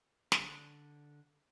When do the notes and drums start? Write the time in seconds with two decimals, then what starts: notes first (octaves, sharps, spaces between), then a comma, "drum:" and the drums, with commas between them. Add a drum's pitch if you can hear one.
0.32 D3, drum: snare